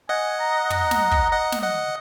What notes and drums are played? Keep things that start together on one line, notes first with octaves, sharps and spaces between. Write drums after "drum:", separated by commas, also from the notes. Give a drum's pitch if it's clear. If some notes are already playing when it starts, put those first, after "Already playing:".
D#5 F#5 G#5
A#5
A#5, drum: tom
drum: snare
drum: kick
D#5 F#5
drum: snare
D#5 F#5